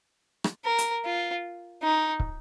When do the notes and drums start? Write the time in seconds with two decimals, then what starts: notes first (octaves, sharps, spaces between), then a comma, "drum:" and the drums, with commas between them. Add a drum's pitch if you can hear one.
0.44 drum: rim click
0.65 A#4
0.78 drum: hi-hat
1.05 F4
1.83 D#4
2.20 drum: kick